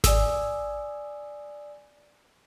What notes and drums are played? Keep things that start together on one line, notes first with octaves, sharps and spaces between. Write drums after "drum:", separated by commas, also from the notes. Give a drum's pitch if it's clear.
D5 G#5 D#6 E6, drum: snare G#1